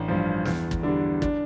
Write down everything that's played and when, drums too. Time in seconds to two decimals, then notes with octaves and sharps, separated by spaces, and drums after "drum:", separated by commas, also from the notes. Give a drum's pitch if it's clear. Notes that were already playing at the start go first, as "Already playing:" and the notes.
Already playing: A1 D4
0.08 G2 F3
0.45 E2, drum: snare
0.71 drum: kick
0.83 D3 G3 D4
1.22 D4, drum: kick